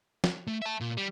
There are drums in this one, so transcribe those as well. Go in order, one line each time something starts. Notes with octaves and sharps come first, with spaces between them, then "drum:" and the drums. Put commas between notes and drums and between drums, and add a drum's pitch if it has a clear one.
drum: snare
A3
E5 A5
A#2
G3